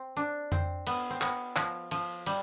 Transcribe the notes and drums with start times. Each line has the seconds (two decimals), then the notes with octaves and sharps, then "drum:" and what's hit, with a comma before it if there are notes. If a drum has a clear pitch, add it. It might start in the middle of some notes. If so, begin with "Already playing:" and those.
Already playing: C4
0.17 D4
0.52 C4, drum: tom F2
0.87 B3, drum: cymbal
1.10 C4
1.22 B3, drum: clap
1.56 F3, drum: clap
1.91 F3, drum: cymbal
2.26 G3, drum: cymbal